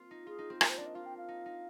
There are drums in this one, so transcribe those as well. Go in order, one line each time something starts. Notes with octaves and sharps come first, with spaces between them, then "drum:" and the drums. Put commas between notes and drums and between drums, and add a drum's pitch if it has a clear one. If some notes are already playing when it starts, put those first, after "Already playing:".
Already playing: A#3 C4 F4
D#4
F4 G#4
D#4
C4
A#3 A#4, drum: rim click
C5
D4 D5
D#5
F4 F5
G5
F5
D#4
D#4